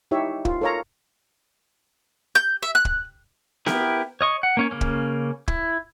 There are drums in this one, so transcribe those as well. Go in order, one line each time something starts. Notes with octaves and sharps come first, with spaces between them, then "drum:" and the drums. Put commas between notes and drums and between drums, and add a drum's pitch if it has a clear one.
D#4 E4 G4 C#5 E5
F4, drum: kick
A4 A#4 C#5 F5 A#5
G6
E5
F#6
drum: kick
B3 E4 G4 A#4, drum: snare B3
C#5 D#5 C#6
F#5
A#3 C#4 C#5
C#3 A#3 C#4
drum: kick
E4, drum: kick